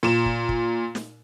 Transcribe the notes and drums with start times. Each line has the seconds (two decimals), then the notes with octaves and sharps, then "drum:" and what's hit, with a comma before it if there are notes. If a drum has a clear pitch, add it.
0.03 A#2 E7
0.26 drum: kick
0.49 drum: kick
0.95 drum: snare